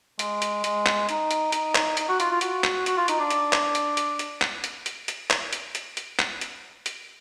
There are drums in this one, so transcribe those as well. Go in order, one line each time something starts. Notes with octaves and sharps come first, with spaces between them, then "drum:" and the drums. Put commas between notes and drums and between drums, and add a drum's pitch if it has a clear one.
G#3, drum: hi-hat
drum: hi-hat
G#3, drum: hi-hat
drum: clap
D#4, drum: hi-hat
drum: hi-hat
D#4, drum: hi-hat
drum: clap
D#4, drum: hi-hat
F#4
F4, drum: hi-hat
F4
F#4, drum: hi-hat
drum: clap
F#4, drum: hi-hat
F4
D#4, drum: hi-hat
D4
drum: hi-hat
drum: clap
drum: hi-hat
drum: hi-hat
drum: hi-hat
drum: clap
drum: hi-hat
drum: hi-hat
drum: hi-hat
drum: clap
drum: hi-hat
drum: hi-hat
drum: hi-hat
drum: clap
drum: hi-hat
drum: hi-hat